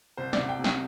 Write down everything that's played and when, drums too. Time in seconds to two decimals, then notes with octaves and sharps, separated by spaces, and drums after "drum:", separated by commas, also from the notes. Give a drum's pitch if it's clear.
0.17 C2 C5
0.33 D5, drum: snare
0.38 C2
0.49 G5
0.59 C3
0.64 G5, drum: snare